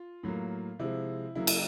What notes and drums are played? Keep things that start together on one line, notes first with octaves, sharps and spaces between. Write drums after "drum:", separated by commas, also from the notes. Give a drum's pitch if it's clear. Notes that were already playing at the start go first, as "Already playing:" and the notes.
Already playing: F4
A2 F#3 A#3
C3 F3 G#3 E4
C#3 F#3 A#3 E4
drum: cymbal